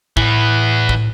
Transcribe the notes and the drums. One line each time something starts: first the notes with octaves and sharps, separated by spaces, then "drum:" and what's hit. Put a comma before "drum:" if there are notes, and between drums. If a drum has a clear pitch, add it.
A2 E3 B3, drum: kick
drum: kick